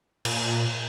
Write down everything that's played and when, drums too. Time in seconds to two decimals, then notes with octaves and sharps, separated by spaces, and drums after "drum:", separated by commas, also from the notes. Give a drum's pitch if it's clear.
0.25 A#2, drum: cymbal